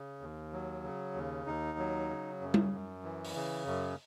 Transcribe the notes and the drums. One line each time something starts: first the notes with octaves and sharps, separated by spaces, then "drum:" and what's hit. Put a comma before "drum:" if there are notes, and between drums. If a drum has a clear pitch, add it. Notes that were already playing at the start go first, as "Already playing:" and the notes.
Already playing: C#3
D#2
F#3
C#3
D#2
D#2 D#4
F#3
C#3
F#2
drum: tom G3
F#2
E3
drum: open hi-hat
C#3
F#2